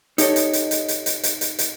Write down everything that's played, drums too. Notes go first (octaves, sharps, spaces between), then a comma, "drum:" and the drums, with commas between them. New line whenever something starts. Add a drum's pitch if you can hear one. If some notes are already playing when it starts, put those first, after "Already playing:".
D#4 G4 A4 C#5 D#5, drum: hi-hat
drum: hi-hat
drum: hi-hat
drum: hi-hat
drum: hi-hat
drum: hi-hat
drum: hi-hat
drum: hi-hat
drum: hi-hat